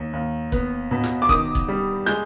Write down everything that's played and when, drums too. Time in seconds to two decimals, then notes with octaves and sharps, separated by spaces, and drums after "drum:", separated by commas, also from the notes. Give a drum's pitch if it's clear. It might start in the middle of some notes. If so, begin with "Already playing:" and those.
Already playing: D#2
0.13 D#2
0.52 B3, drum: kick
0.91 B2
1.04 drum: snare
1.22 D6
1.29 D#3 D#6, drum: kick
1.55 drum: kick
1.68 G3
2.06 G#3 G6, drum: snare